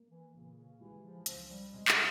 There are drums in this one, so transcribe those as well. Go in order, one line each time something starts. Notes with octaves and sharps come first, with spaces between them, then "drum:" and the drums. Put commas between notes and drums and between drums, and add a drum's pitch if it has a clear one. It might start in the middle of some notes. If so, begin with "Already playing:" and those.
Already playing: A#3
E3
A#2 C#3
C#3
E3 G#3 E4 G4
F3
C#2 F3, drum: hi-hat
G3
C3 G3 G#3
drum: clap